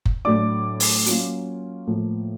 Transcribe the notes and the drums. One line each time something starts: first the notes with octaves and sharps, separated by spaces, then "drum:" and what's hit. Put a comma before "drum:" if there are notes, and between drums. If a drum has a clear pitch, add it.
drum: kick F#1
A2 F#3 A3 D4 D5 D6
drum: open hi-hat
F#3 A#3 C#4 F4, drum: hi-hat
A2 F3 A#3